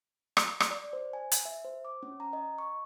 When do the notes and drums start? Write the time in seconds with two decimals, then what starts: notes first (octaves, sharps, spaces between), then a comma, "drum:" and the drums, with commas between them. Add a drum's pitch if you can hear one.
0.37 drum: rim click
0.60 drum: rim click
0.71 D5
0.93 C5
1.13 G#5
1.31 drum: hi-hat
1.45 E5
1.65 C5
1.85 D6
2.03 C#4
2.20 A#5
2.33 D#5
2.58 C#6